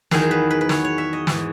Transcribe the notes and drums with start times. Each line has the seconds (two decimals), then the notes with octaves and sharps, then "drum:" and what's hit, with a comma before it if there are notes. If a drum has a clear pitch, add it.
0.11 E2 D#3 F#3 G#4, drum: snare
0.31 B4
0.50 B4
0.61 B4
0.69 C#5, drum: snare
0.84 C#5
0.98 E5
1.13 D#5
1.27 G#2 E3, drum: snare